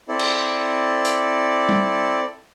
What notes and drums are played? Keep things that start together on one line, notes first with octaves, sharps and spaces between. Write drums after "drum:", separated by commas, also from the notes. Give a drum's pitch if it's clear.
C4 E4 A4 D5
drum: cymbal
drum: hi-hat
drum: tom G3